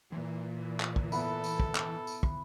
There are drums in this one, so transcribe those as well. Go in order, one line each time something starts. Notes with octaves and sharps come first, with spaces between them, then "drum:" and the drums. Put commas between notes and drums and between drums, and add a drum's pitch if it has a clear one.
A#2 E3
drum: clap
drum: kick
B3 E4 A4, drum: tambourine
drum: tambourine
drum: kick
drum: clap
drum: tambourine
drum: kick